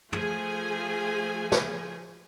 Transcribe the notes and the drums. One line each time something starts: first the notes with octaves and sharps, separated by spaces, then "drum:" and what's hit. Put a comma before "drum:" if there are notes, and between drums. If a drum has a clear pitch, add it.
F3 A3 G#4 G#5, drum: tom
drum: snare